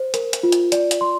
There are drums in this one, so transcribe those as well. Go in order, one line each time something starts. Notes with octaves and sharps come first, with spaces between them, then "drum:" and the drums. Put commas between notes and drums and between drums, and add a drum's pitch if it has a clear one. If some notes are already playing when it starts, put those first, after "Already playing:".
Already playing: C5
A#4, drum: hi-hat
drum: hi-hat
F4
drum: hi-hat
D5, drum: hi-hat
drum: hi-hat
C6